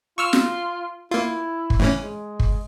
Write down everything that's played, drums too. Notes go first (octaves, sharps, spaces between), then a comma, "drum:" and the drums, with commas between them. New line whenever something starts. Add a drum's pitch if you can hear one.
F4 C#6 E6 F6
drum: snare
A#3 E4 F4
drum: kick
A2 E3 C#4
G#3
drum: kick